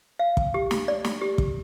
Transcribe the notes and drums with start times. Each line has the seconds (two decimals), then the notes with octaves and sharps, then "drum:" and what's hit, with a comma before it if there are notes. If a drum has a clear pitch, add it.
0.19 F5
0.37 drum: kick
0.54 G4
0.71 drum: snare
0.88 D5
1.04 drum: snare
1.21 G4
1.38 drum: kick